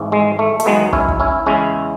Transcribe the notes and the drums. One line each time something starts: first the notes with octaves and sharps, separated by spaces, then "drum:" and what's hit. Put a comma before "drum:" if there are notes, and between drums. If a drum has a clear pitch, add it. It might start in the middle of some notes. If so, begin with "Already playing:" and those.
Already playing: G#1 G#2 E3
G#3
A3
A3, drum: hi-hat
E2 D#3 F#3 G#3 B3
C#4 E4, drum: kick
drum: kick
C#4 E4
E2 C#3 G#3 C#4 E4